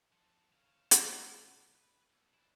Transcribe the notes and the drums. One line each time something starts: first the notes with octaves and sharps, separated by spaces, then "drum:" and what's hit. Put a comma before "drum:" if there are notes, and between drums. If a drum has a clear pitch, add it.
F3 A4
C#5 F5
drum: hi-hat
B1 B2
B4
B1
D4 E4